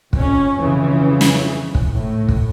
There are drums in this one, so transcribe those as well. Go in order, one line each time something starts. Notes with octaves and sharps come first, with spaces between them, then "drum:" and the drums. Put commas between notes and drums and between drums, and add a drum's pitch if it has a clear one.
F2 C#4, drum: kick
F2 C#3 E3
drum: snare
drum: kick
A2
drum: kick